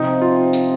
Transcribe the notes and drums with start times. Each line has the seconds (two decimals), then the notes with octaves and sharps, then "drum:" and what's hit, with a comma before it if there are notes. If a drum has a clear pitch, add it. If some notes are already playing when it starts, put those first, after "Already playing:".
Already playing: C3 F3 C4 D#4
0.21 F4
0.53 drum: tambourine